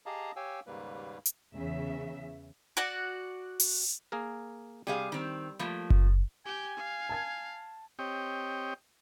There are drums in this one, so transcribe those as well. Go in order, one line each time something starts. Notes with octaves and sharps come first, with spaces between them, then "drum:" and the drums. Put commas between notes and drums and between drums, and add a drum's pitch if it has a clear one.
G4 G#4 D#5 F5 A5 A#5
G4 C#5 F5 G5 G#5 E6
D#2 G#2 C#3 G3 A#3 B4
drum: hi-hat
E2 C#3 E5
F#4 D5 F#5
drum: open hi-hat
A#3 G#4 A#4
C3 G3 G#4 F5
D#3 C4
F3 A3 A#3
drum: kick F#1
G4 G5 G#5
F5
A5 G#6
C4 G4 C#5 D#5 G5